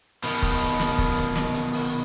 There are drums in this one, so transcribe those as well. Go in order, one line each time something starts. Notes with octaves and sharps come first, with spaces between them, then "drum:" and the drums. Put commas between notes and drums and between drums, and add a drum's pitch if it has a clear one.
B2 D#3, drum: hi-hat
drum: kick, hi-hat
drum: hi-hat
drum: snare
drum: kick, hi-hat
drum: hi-hat
drum: snare
drum: hi-hat
drum: open hi-hat